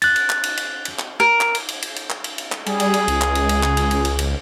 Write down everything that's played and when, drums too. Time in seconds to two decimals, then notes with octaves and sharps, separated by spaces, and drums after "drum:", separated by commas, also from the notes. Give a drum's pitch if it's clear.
0.02 F#6 A6, drum: cymbal
0.16 drum: cymbal
0.30 drum: clap
0.43 drum: cymbal
0.57 drum: cymbal
0.85 drum: cymbal
0.99 drum: clap
1.20 A#4
1.41 drum: clap
1.55 drum: cymbal
1.69 drum: cymbal
1.82 drum: cymbal
1.96 drum: cymbal
2.10 drum: clap
2.24 drum: cymbal
2.38 drum: cymbal
2.52 drum: clap
2.66 G3 G#4, drum: cymbal
2.80 drum: cymbal
2.94 drum: cymbal
3.08 C#2, drum: cymbal
3.21 drum: clap
3.35 drum: cymbal
3.49 drum: cymbal
3.63 drum: clap
3.77 drum: cymbal
3.91 drum: cymbal
4.05 drum: cymbal
4.19 drum: cymbal